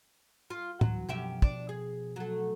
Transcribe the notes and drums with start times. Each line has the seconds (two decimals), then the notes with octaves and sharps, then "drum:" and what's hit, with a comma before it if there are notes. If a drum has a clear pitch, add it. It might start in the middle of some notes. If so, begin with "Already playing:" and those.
0.50 F4
0.81 D2 E3 F#3, drum: tom A2
1.09 F#2 B2 F3 G4 E5
1.42 D4, drum: kick
1.69 G#4
2.16 F#3 A3